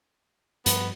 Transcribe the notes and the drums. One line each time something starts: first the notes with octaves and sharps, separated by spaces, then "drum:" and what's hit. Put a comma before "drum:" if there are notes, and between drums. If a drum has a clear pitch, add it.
G2 F3 B3, drum: hi-hat